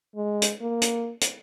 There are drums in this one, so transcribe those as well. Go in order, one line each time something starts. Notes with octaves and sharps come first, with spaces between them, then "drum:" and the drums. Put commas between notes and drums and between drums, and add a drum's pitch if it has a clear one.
G#3
drum: hi-hat
A#3
drum: hi-hat
drum: hi-hat